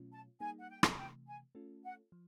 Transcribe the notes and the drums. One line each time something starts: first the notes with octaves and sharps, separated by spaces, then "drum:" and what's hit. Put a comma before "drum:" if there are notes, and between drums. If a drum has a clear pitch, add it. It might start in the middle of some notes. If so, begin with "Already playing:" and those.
Already playing: B2 F#3 A3 C#4 F4
A5
G3 A#3 D#4 G#4 G#5
F#5
G5
drum: rim click
C3 E3 A3 G5
G#5
A3 C#4 F4 A4
F#5
F3